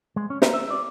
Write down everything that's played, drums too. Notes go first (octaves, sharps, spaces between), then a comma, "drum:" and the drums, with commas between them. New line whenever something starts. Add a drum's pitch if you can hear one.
G#3
C#4
A#4, drum: snare
E5
D5